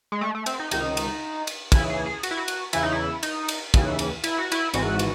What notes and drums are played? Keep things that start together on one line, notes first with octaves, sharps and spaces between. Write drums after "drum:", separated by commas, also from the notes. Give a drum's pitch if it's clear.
G#3
A3
A3
C4, drum: cymbal
D#4
C#2 C3 D#3 D#4, drum: cymbal
drum: cymbal
drum: cymbal
D#2 C#3 E3 E4, drum: kick, cymbal
G#4
G#4
F#4, drum: cymbal
E4
F#4
drum: cymbal
E2 C#3 E3 E4, drum: cymbal
D#4
E4
D#4, drum: cymbal
drum: cymbal
D#2 C#3 E3, drum: kick, cymbal
drum: cymbal
E4, drum: cymbal
F#4
E4, drum: cymbal
G#1 G#2 E3 F#4, drum: cymbal
drum: cymbal